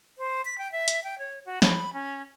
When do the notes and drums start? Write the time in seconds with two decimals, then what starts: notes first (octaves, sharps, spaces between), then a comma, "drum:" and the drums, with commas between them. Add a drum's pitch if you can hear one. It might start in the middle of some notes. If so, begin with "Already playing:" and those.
0.18 C5
0.45 B6
0.58 G5
0.72 E5
0.88 drum: hi-hat
1.04 G5
1.18 C#5
1.45 F#4
1.62 B5, drum: snare
1.93 C#4